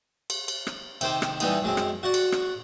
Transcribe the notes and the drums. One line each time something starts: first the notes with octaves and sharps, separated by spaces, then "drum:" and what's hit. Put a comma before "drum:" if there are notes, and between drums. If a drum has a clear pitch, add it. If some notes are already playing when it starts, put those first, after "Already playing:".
drum: cymbal
drum: cymbal
drum: rim click
C3 D#3 C5 D6, drum: cymbal
drum: rim click
E3 G3 B3 D#4, drum: cymbal
F#2 G#3 C4
drum: rim click
F#4 D5 F#5
drum: cymbal
drum: rim click